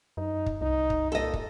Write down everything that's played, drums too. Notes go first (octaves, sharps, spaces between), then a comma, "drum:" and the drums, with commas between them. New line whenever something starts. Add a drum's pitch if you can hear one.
F#2 D#4
drum: kick
C2 D#4
drum: kick
A#2 A4 D#5
drum: kick